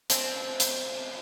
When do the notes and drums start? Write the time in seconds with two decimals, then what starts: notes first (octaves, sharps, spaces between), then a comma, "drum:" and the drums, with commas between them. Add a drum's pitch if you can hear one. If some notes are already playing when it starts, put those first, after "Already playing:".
0.10 C4, drum: hi-hat
0.60 drum: hi-hat